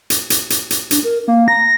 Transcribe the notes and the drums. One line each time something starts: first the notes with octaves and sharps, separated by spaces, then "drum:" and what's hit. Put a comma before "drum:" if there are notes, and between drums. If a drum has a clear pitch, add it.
drum: hi-hat
drum: hi-hat
drum: hi-hat
drum: hi-hat
D4, drum: hi-hat
A#4
A#3 F5
A#5 A#6